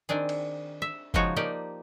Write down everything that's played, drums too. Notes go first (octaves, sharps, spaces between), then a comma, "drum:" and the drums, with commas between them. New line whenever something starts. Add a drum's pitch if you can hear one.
D#3 C4 D4 G#4
drum: cymbal
E5
C#3 F3 G#3 D#4 F#4 C#5, drum: kick F#1
F3 A#3 D#4 G4 D5